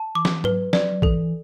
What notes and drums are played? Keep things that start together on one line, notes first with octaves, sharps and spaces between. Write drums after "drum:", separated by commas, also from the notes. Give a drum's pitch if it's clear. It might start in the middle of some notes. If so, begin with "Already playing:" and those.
Already playing: A5
E3 D6
drum: snare
F#3 B4, drum: tom G#2
F#3 D5, drum: snare
E3 A4, drum: kick A1